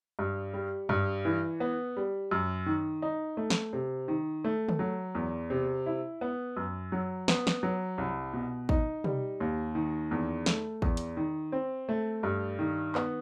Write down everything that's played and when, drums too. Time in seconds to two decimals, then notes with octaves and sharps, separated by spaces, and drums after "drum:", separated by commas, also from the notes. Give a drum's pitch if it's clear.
0.19 G2
0.54 G3
0.89 G2, drum: tom
1.25 E3
1.60 B3
1.97 G3
2.31 F#2
2.66 D#3
3.02 D#4
3.37 A3
3.50 drum: snare
3.73 C3
4.08 D#3
4.44 A3
4.69 drum: tom
4.79 F#3
5.15 E2
5.50 C3
5.86 E4
6.21 B3
6.57 F#2
6.92 F#3
7.28 B3, drum: snare
7.47 drum: snare
7.63 F#3
7.98 C2
8.33 B2
8.69 D#4, drum: kick
9.04 G3, drum: tom
9.40 D#2
9.75 D#3
10.11 E2
10.46 A3, drum: snare
10.82 E2, drum: kick
10.97 drum: hi-hat
11.17 D#3
11.52 C4
11.89 A3
12.23 G2
12.59 D#3
12.95 B3, drum: clap